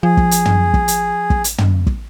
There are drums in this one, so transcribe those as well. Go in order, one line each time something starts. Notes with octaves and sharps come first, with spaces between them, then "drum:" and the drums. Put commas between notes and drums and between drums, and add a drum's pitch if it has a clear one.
F3 G#4
drum: kick
drum: hi-hat
drum: tom
drum: kick
drum: hi-hat
drum: kick
drum: hi-hat
drum: tom
drum: kick